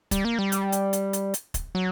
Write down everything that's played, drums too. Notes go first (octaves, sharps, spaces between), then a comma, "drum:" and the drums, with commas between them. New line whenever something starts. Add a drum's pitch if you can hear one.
G3, drum: kick, hi-hat
A#3
G3
drum: hi-hat
drum: hi-hat
drum: hi-hat
drum: hi-hat
drum: hi-hat
drum: kick, hi-hat
F#3